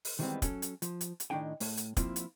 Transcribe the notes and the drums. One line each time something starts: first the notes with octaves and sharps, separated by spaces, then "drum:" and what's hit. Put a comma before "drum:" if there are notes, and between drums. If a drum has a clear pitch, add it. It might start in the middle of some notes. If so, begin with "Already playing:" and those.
drum: open hi-hat
D#3 E3 G3 G#3 B3 C4
F#3 C#4 A4, drum: kick, hi-hat
drum: hi-hat
F3, drum: hi-hat
drum: hi-hat
drum: hi-hat
A2 D#3 D4 D#4 G5 G#5
A2 A3 C#5, drum: open hi-hat
drum: hi-hat
F3 A#3 C4 E4 F4, drum: kick, hi-hat
drum: hi-hat